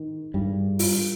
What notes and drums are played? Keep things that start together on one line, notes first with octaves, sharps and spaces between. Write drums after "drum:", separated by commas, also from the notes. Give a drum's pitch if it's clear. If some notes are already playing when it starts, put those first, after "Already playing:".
Already playing: D#3
G2 G3
F4, drum: open hi-hat